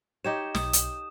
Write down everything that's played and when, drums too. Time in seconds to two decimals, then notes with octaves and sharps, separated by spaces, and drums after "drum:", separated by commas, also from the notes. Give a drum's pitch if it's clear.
0.25 D#4 G4 C#5 E7
0.55 B1 D#6, drum: snare
0.73 drum: hi-hat